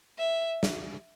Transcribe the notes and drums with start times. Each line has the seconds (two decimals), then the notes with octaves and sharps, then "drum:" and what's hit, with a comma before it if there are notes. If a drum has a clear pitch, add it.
0.19 E5
0.63 drum: snare